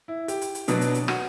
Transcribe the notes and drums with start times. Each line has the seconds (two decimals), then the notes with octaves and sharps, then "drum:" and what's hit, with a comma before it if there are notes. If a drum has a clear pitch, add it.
0.08 E4
0.28 G4, drum: hi-hat
0.41 drum: hi-hat
0.55 drum: hi-hat
0.68 B2 F#3 B3 D4, drum: hi-hat
0.81 drum: hi-hat
0.94 drum: hi-hat
1.08 F#4, drum: rim click